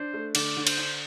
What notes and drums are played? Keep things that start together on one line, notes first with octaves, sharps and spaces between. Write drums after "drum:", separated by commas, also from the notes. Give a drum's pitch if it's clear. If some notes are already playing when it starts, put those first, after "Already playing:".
Already playing: D4 C5
A3
D3 D5, drum: cymbal
D3
C5, drum: cymbal
D4